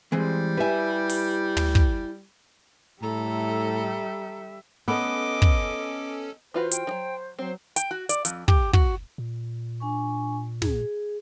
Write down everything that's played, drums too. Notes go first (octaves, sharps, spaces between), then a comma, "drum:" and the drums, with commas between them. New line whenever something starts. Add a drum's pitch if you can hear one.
E3 G3 G#3 C4
E4 G4 B4 E5 G#5
drum: open hi-hat
drum: tom
drum: kick
A2 G3 A4 E5 A#5
B3 C#4 A4 D#5 D6
drum: kick
E3 F4 F#4 B4 C5
G5, drum: hi-hat
D#3 F#3
F#3 C4 C5
G5, drum: hi-hat
F#4
D5, drum: hi-hat
F2, drum: hi-hat
G4, drum: kick
F#4, drum: kick
A#2
D4 G#5 C#6
G#4, drum: snare